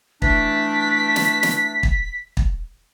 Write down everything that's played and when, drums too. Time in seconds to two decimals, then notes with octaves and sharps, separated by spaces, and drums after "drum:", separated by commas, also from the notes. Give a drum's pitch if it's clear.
0.22 E3 A3 D4 B6, drum: kick
1.16 drum: snare
1.43 drum: snare
1.83 drum: kick
2.37 drum: kick